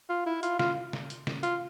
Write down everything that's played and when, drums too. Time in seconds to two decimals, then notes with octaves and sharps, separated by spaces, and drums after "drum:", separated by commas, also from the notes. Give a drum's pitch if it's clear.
0.09 F4
0.26 E4
0.43 F4, drum: hi-hat
0.59 F4, drum: snare
0.93 drum: snare
1.10 drum: hi-hat
1.27 drum: snare
1.43 F4, drum: hi-hat